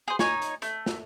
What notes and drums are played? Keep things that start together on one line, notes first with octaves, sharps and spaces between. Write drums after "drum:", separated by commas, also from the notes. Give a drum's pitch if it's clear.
G#4 C5
D#4 C#5 G#5, drum: snare
drum: hi-hat
A3, drum: hi-hat
drum: snare